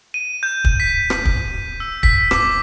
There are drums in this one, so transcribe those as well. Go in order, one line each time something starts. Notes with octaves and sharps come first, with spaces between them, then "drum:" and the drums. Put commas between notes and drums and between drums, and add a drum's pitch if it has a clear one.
D#7
G6
drum: kick
B6
drum: rim click
drum: kick
E6
B6, drum: kick
D6, drum: rim click